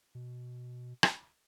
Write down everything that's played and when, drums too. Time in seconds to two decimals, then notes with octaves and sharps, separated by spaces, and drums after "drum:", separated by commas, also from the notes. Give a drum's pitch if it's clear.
0.15 B2
1.03 drum: rim click